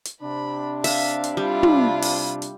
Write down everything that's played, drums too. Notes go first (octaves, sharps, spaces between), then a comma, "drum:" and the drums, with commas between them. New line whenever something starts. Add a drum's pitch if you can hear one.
drum: hi-hat
C3 D4 B5
E5 F5, drum: open hi-hat
drum: hi-hat
G3 E4 F4
drum: tom
drum: open hi-hat
drum: hi-hat